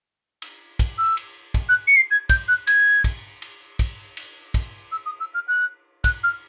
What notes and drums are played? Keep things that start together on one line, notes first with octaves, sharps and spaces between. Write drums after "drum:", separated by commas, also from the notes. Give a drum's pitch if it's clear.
drum: cymbal
drum: kick, cymbal
E6
drum: cymbal
drum: kick, cymbal
F#6
C#7
C7
G#6
G6, drum: kick, cymbal
F#6
G#6, drum: cymbal
drum: kick, cymbal
drum: cymbal
drum: kick, cymbal
drum: cymbal
drum: kick, cymbal
E6
D#6
E6
F6
F#6
F#6, drum: kick, cymbal
F6